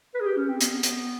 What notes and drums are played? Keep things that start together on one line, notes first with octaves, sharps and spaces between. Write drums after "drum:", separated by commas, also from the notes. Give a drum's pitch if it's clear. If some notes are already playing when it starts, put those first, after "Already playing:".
B4
G#4
G4
C#4
C4
B3, drum: hi-hat
drum: hi-hat